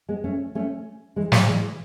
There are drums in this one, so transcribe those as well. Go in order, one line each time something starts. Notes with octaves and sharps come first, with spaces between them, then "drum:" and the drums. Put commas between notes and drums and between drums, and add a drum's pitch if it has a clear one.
G#3 B3
A3 C#4
A3 C#4
E3 G#3
F#3 A3, drum: snare
E3 G#3